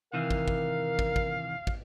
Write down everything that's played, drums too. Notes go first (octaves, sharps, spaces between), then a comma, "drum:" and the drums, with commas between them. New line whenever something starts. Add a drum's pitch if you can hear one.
C3 D#3 E3 A#4 F5
drum: kick
drum: kick
drum: kick
drum: kick
drum: kick